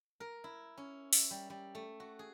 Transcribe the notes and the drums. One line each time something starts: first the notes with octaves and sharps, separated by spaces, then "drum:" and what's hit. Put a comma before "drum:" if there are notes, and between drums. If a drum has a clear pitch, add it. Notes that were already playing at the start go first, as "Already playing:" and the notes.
A#4
E4
C#4
E5, drum: open hi-hat
G3
G3
A3
F#4
G#4